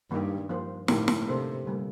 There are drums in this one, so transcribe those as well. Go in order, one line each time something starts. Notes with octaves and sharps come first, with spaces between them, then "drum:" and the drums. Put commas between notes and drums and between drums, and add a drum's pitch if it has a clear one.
G2 D#3 A#3 D#4 G4
F3 A#3 F4 C5
A2 D3 F3 A#3 D#4 G4, drum: snare
drum: snare
C3 A#3 D4 A4 C5
D3 G3 A#3